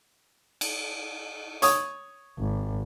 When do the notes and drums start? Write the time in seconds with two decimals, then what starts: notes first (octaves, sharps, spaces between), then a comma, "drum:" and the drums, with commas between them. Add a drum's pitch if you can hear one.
0.61 drum: cymbal
1.62 C#5 D#6, drum: hi-hat
2.39 G#1